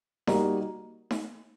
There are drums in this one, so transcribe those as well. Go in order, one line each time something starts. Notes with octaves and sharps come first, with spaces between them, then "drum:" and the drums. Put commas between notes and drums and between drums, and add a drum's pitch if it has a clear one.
G3 A#3 D#4 F#4 A#4, drum: snare D#4
drum: snare D#4